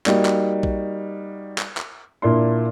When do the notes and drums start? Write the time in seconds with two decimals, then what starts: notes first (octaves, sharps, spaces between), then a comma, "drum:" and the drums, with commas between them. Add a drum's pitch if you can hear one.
0.06 G3 A#3 D#4 F#4, drum: clap
0.25 drum: clap
0.63 drum: kick A#1
1.58 drum: clap
1.77 drum: clap
2.22 A#2 A#3 D4 E4 C6